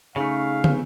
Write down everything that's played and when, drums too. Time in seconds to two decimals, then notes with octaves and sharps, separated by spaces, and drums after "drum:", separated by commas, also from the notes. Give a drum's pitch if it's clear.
0.16 C#3 A3 C#4 D#4 G#4 F5
0.64 drum: tom